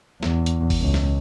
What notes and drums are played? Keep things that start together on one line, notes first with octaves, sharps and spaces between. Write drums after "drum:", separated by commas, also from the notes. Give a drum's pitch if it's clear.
E2, drum: snare
drum: hi-hat
drum: kick F#1, open hi-hat
C#2
drum: snare